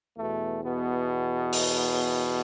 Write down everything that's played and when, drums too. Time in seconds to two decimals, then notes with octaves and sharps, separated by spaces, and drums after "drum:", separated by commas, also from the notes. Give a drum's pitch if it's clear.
0.16 E2 B2 A3
0.62 B2 B3
1.53 drum: open hi-hat